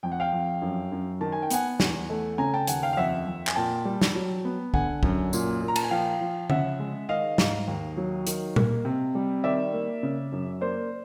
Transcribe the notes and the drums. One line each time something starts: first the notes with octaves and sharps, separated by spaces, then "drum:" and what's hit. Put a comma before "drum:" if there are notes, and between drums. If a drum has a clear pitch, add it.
F2 G5
F#5
F5 G5
F2
F#2
F#2
D#3 A5
G#5
G5
B3 F#5 G#5, drum: hi-hat
E2, drum: snare
A3
C#3 G#5 A#5
G5 A5
D#2 F#5 G#5, drum: hi-hat
F5 G5
F5
F2 E5 F#5
F2
G#5, drum: clap
A#2 G5 A5
G3
drum: snare
F#3
B3
D3 F#5 G#5, drum: kick
F#2, drum: kick
A#2, drum: tambourine
A#2
A#5
A5, drum: cymbal
G#5
F3 F5 G5
F3
C#3 E5 F#5, drum: tom D3
G#3
D#3 D#5 F5
G#2, drum: snare
D#2
F#3
D#3, drum: hi-hat
A#3, drum: tom A#2
C3
G3
D#3 D5 E5
A#3
C#3
F#2
A#3 C5 D5